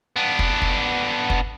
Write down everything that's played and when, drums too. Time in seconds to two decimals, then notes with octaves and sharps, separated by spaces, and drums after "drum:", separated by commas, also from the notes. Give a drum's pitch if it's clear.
0.16 B3 D4
0.39 drum: kick
0.62 drum: kick
1.30 drum: kick